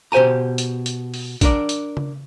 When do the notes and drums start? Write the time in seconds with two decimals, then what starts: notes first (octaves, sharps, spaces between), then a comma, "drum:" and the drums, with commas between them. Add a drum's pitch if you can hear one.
0.12 B2 G4 C5 G#5 A#5
0.58 drum: hi-hat
0.86 drum: hi-hat
1.14 drum: open hi-hat
1.41 D4 A#4 D5, drum: kick A1, hi-hat
1.69 drum: hi-hat
1.97 drum: tom C#3